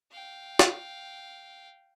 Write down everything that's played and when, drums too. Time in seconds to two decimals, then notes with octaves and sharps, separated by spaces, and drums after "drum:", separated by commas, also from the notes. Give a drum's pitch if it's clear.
0.12 F5 G5
0.59 drum: snare